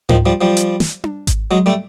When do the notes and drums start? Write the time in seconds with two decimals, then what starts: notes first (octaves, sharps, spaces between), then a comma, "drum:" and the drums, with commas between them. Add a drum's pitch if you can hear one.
0.09 D#3 F3, drum: tom G#2
0.26 F3 G3
0.41 F3 G3
0.57 drum: hi-hat
0.80 drum: snare
1.04 drum: tom D4
1.27 drum: kick G#1, hi-hat
1.51 F#3 G#3
1.66 G3 A3